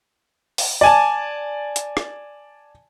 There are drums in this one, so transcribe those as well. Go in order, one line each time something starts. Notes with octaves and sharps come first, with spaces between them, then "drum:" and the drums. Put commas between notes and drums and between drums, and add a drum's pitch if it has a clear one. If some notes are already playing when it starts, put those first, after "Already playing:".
drum: open hi-hat
D5 G#5 A5
drum: hi-hat
drum: rim click